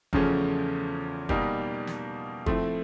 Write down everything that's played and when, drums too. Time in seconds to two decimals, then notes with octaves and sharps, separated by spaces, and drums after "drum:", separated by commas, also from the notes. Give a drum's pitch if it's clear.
0.13 E2 C#3 F3 A3 C#4, drum: kick
1.29 B2 G3 A#3 D#4 G4, drum: kick
1.87 drum: snare
2.46 F3 A3 C4 E4, drum: kick